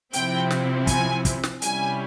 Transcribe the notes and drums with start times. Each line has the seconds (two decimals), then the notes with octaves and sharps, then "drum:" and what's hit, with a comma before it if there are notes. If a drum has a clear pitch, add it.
0.13 C3 F3 C4 E4 G5, drum: hi-hat
0.51 drum: snare
0.87 G#5, drum: kick, hi-hat
1.25 drum: kick, hi-hat
1.43 drum: snare
1.62 C3 G3 C#4 E4 G#5, drum: hi-hat